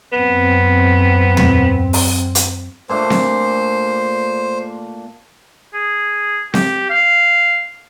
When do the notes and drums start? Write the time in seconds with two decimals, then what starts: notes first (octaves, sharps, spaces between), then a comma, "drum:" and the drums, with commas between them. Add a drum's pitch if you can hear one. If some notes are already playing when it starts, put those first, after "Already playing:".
0.12 F#2 B3 C4
1.37 drum: tom
1.93 drum: open hi-hat
2.35 drum: hi-hat
2.89 A#2 A3 D4 C5
3.10 drum: snare C4
5.74 G#4
6.54 G4, drum: snare C4
6.90 F5